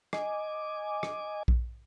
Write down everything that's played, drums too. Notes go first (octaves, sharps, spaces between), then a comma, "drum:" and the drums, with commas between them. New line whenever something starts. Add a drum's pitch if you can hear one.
D#5 G#5 D6, drum: rim click
drum: rim click
drum: kick A#1